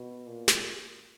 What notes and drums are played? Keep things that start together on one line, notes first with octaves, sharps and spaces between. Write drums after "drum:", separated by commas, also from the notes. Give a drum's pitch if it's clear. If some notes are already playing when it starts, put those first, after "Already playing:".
Already playing: B2
A#2
drum: snare